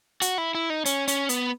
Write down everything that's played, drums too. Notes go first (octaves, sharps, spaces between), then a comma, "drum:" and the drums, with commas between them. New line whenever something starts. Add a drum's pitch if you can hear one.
F#4, drum: hi-hat
E4
E4
D#4
C#4, drum: hi-hat
C#4, drum: hi-hat
B3, drum: hi-hat